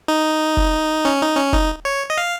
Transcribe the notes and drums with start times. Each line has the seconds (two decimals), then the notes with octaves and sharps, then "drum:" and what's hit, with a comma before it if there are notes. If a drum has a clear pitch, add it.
0.08 D#4
0.57 drum: kick
1.05 C#4
1.21 D#4
1.37 C#4
1.53 D#4, drum: kick
1.85 C#5
2.10 D#5
2.17 F5